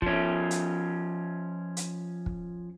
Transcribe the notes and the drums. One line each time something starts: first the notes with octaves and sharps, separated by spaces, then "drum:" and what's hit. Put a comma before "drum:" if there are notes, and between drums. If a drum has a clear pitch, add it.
F3 C#4, drum: kick
drum: hi-hat
drum: hi-hat
drum: kick